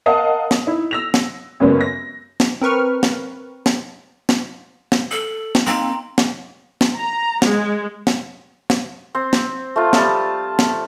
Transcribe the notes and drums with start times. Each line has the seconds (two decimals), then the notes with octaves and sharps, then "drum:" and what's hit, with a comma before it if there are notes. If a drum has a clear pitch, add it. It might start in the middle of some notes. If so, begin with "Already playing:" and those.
0.06 A#4 D#5 F5 F#5 A5 D#6
0.51 drum: snare
0.67 D#4 E4
0.91 E6 A#6 F7
1.14 drum: snare
1.60 F#2 C#3 G#3 A#3 B3 C#4
1.81 A#6
2.40 drum: snare
2.61 C4 A#4 B4 C#6 F6
3.03 drum: snare
3.66 drum: snare
4.29 drum: snare
4.92 drum: snare
5.11 A4 F#7
5.55 drum: snare
5.67 A#3 C4 D#4 A#5 C6
6.18 drum: snare
6.81 drum: snare
6.97 A#5
7.42 G#3, drum: snare
8.07 drum: snare
8.70 drum: snare
9.15 C4
9.33 drum: snare
9.76 A3 F4
9.93 G3 A5 D#6, drum: snare
10.59 drum: snare